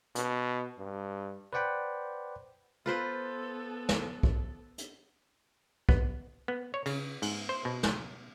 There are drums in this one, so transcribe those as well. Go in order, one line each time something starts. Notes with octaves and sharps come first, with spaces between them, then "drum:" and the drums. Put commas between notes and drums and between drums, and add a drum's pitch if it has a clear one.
B2, drum: hi-hat
G2
B4 C5 D5 F#5 G5 B5
B3 F4 A4 B4 C5
drum: snare
drum: kick B1
drum: hi-hat
B3, drum: kick B1
B3
C#5
C#3, drum: cymbal
G#2, drum: cymbal
C5
B2
drum: snare